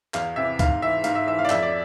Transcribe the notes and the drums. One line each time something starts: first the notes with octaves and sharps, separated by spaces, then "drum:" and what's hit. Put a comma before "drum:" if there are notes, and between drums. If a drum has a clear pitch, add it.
E2 F5, drum: clap
C3 E3 E5
G#2 F5, drum: kick C#2, hi-hat
E3 E5
G#2 F5, drum: hi-hat
E5
E3 E5
F5
D5
F2 E5, drum: clap
D5